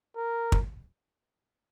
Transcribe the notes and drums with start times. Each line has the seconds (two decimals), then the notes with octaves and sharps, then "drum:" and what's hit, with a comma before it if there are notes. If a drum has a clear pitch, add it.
0.17 A#4
0.52 drum: kick